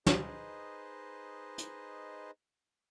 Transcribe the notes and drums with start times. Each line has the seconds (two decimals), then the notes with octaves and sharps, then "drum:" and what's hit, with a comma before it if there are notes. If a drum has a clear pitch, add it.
0.06 D#4 G#4 B4 C5 D#5, drum: snare
1.58 drum: hi-hat